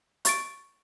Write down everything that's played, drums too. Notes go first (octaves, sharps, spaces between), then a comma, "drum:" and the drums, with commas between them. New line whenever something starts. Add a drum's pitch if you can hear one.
C#6 A6 D7, drum: hi-hat